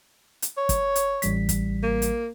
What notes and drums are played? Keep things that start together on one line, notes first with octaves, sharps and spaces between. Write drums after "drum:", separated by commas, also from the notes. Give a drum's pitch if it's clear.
drum: hi-hat
C#5
drum: kick, hi-hat
drum: hi-hat
A1 G3 B6, drum: hi-hat
drum: kick, hi-hat
A#3
drum: hi-hat